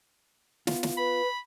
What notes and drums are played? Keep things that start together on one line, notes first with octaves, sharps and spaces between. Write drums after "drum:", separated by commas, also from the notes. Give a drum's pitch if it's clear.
B3 F4, drum: snare
drum: snare
B4 B5